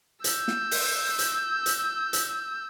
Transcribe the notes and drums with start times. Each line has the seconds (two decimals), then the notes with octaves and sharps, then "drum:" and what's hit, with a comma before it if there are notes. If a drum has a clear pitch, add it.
0.24 E6 G6, drum: hi-hat
0.48 drum: snare
0.71 drum: open hi-hat
1.19 drum: hi-hat
1.66 drum: hi-hat
2.13 drum: hi-hat